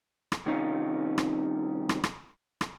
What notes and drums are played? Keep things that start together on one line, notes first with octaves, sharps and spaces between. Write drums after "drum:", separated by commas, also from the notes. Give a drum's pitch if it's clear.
drum: rim click
C2 C3 D#3 C#4 D#4 F4
drum: rim click
drum: rim click
drum: rim click
drum: rim click